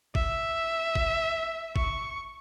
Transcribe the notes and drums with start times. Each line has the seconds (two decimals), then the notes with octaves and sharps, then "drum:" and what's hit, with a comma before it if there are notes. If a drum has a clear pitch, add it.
0.15 E5, drum: kick G1
0.95 drum: kick G1
1.76 C#6, drum: kick G1